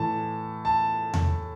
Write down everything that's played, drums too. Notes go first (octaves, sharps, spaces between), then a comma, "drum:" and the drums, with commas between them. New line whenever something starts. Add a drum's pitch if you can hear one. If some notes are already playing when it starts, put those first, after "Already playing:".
Already playing: A2 E3 A5
A5
drum: tom E2